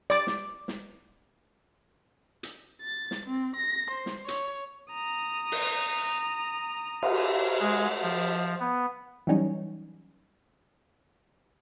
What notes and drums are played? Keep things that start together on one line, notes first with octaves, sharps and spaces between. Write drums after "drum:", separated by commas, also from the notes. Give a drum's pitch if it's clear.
D5 D6
drum: snare
drum: snare
drum: hi-hat
A6
drum: snare
C4
A#6
C5
drum: snare
C#5, drum: hi-hat
A#5 D#6
drum: open hi-hat
drum: cymbal
G#3
F3
B3
E3 F#3 G3 C#4 D#4